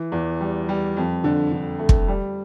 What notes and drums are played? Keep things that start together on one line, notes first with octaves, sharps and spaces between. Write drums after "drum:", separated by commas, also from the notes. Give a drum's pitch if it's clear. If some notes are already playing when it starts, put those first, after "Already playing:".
Already playing: E3
E2
G3
G3
F2
D3
D3
A3
drum: kick
G3